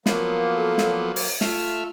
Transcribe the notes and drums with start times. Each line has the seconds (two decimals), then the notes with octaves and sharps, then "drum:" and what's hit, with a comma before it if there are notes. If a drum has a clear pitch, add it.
0.06 F3 F#3 A#3 B3 A#4, drum: snare
0.55 A4
0.78 drum: snare
1.16 drum: open hi-hat
1.41 A3 F4 E5 F6, drum: snare